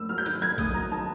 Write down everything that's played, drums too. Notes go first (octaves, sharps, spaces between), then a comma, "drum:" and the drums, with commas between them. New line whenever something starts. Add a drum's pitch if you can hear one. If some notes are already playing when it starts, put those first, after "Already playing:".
Already playing: F#2 A3 E6
F#3 F6
G6
D#3 F#6, drum: hi-hat
F#2 G#6
A3 D#6, drum: kick A#1, hi-hat
F#3 A#5
D#3 A5